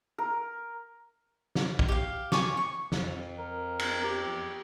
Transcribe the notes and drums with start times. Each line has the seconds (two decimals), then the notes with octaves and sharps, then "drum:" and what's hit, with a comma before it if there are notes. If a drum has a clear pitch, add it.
0.18 A#4
1.55 drum: snare
1.79 drum: kick
1.88 G4 F5
2.32 G#5 C#6 D6, drum: snare
2.57 C#6
2.92 F2, drum: snare
3.38 A#4
3.79 drum: cymbal
4.04 G4